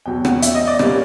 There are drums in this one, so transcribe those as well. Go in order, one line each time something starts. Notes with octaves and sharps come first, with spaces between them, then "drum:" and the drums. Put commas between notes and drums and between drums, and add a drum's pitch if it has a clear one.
E2 B2 F#3 G5
F#5, drum: rim click
E5, drum: hi-hat
D#5
D5
A#2 G3 A#3 C#4, drum: rim click